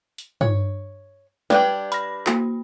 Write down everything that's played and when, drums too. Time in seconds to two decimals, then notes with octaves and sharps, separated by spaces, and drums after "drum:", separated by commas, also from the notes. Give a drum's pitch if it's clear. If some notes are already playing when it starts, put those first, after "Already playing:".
0.18 drum: hi-hat
0.41 C#5, drum: tom G2
1.50 G3 D4 B4 G5, drum: snare
1.92 B5 A#6, drum: hi-hat
2.27 A#3 F#4, drum: clap